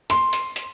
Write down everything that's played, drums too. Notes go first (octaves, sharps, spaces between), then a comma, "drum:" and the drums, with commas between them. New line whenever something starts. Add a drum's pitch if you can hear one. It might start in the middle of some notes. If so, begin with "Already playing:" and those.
C6, drum: hi-hat
drum: hi-hat
drum: hi-hat